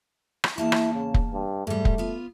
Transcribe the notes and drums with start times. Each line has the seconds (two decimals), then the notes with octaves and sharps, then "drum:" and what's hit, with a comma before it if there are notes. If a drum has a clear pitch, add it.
0.44 drum: rim click
0.58 E2 A#3 E4 A5
0.72 drum: rim click
0.94 C#3
1.14 drum: kick
1.33 G2
1.67 G#2 G3 A3
1.85 drum: kick
1.98 B3 F4